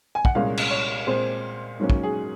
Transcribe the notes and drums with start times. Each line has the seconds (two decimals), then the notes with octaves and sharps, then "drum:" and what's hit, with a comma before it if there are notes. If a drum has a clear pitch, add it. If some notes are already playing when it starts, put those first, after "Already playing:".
0.15 G#5
0.25 F#5, drum: kick
0.35 C2 A#2 G#3 C#4 F5
0.57 drum: cymbal
0.71 C#5
1.07 A#2 G#3 C4 C5
1.80 G#2 F#3 A#3 C#4
1.90 drum: kick
2.03 G#4